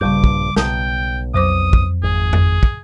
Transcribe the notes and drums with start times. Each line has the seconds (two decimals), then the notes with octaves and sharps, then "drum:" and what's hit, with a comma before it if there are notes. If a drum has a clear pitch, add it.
0.01 A#1 G2 C#3 G3 D6 G6
0.24 drum: kick
0.56 B1 G5 A5 A#5 D#6, drum: snare
1.34 F2 F#3 C5 D6 D#6
1.73 drum: kick
2.03 G#1 G#4
2.33 drum: tom F2
2.63 drum: kick